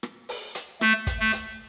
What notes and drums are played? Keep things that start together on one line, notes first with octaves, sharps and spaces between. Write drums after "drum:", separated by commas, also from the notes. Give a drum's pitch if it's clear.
drum: rim click
drum: open hi-hat
drum: hi-hat
A3, drum: rim click
drum: kick, hi-hat
A3
drum: hi-hat